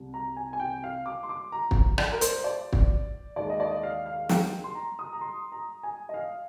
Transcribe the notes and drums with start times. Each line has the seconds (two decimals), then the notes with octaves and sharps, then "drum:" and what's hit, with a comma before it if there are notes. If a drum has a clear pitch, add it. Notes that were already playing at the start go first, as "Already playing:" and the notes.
Already playing: C2 C3 G3
0.14 A#5
0.36 G#5
0.53 G#5
0.60 G5
0.84 F5
1.06 D6
1.23 C6
1.29 D6
1.52 A#5
1.71 drum: kick
1.98 D5, drum: rim click
2.12 A#4
2.21 C5, drum: hi-hat
2.44 D5
2.73 drum: kick
3.36 D#2 D#3 G#3 D5
3.50 D#5
3.60 D5
3.71 D#5
3.83 F5
4.06 F5
4.29 G5, drum: snare
4.64 C6
4.75 A#5
4.99 D#6
5.13 A#5
5.21 C6
5.52 A#5
5.83 G#5
6.09 D#5
6.14 F5